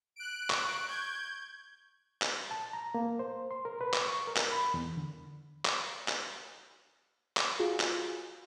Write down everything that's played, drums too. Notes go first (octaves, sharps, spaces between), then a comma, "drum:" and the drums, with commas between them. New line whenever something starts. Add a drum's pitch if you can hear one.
F#6 D7
C#6, drum: clap
G6 G#6
drum: clap
A5
A#5
A#3
C5
C6
A#4
B4
drum: clap
C#6
A#4
drum: clap
B5
E2
D3
drum: clap
drum: clap
drum: clap
F4 F#4 G#4
drum: clap